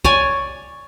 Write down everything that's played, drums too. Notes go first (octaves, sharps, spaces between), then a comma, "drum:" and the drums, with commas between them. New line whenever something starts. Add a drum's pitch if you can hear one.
C#5 D5 G#5, drum: kick